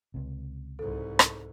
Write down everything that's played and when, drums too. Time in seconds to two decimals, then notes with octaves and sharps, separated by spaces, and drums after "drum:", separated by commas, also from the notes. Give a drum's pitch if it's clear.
0.14 C#2 C3
0.79 C2 G#2 A4
1.19 drum: rim click